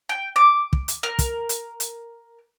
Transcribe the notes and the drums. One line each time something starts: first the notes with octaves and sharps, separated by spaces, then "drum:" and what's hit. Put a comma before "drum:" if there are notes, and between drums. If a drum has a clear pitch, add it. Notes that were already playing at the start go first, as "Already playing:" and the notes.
G5
D6
drum: kick
drum: hi-hat
A#4
drum: kick, hi-hat
drum: hi-hat
drum: hi-hat